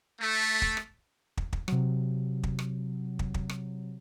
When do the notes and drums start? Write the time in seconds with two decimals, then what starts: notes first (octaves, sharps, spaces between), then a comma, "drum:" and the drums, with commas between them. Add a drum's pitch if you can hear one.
0.21 A3
0.62 drum: kick
0.77 drum: rim click
1.37 drum: kick
1.53 drum: kick
1.68 C3 F#3, drum: rim click
2.43 drum: kick
2.59 drum: rim click
3.19 drum: kick
3.34 drum: kick
3.49 drum: rim click